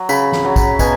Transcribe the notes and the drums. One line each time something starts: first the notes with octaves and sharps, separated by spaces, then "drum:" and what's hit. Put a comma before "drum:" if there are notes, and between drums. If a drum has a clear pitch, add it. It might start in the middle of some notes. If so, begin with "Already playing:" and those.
Already playing: F#3
C#3 B5, drum: tambourine
drum: snare
F#3
drum: kick, tambourine
B2 G#5, drum: kick, tambourine